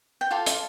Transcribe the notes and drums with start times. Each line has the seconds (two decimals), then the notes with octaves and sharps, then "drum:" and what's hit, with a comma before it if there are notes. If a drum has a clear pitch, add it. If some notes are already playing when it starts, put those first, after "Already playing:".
0.21 G5
0.31 F4 A4 D5 F5
0.46 drum: hi-hat